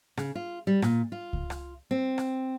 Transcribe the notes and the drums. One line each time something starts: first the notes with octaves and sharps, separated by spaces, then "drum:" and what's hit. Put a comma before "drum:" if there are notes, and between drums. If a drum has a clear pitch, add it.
C#3, drum: rim click
F4
G3
A#2, drum: rim click
F4
drum: kick C#2
drum: rim click
C4
drum: rim click